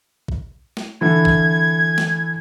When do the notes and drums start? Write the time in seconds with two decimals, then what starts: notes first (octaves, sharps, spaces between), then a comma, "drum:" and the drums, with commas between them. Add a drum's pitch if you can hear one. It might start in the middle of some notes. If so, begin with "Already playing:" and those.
0.28 drum: kick A#1
0.77 drum: snare
1.01 D3 E3 E4 G#6
1.25 drum: kick A#1
1.98 drum: snare